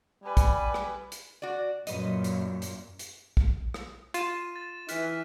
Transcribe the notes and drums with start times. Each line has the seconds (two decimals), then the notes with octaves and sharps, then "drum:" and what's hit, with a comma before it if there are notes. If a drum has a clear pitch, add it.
0.24 G3 B4 G#5
0.37 drum: kick, hi-hat
0.74 drum: rim click
1.12 drum: hi-hat
1.42 F#4 D5
1.87 F#2 A#2 B4 D#5, drum: hi-hat
2.24 drum: hi-hat
2.62 drum: hi-hat
2.99 drum: hi-hat
3.37 drum: kick
3.74 drum: rim click
4.14 F4 D#7 E7, drum: hi-hat
4.56 A6
4.89 E3 F6 F#6 B6, drum: hi-hat